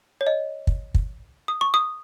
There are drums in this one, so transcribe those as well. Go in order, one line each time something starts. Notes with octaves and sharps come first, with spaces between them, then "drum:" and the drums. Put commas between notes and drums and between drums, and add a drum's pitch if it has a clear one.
C#5
D#5
drum: kick
drum: kick
D#6
C#6
D#6